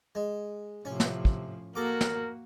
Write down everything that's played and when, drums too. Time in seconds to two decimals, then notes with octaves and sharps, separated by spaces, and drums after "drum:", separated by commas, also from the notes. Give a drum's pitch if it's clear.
0.15 G#3
0.85 A2 C3 F3 C#4
1.00 drum: snare
1.25 drum: kick
1.75 A#3 F#4 A4 A#4 D6
2.01 drum: snare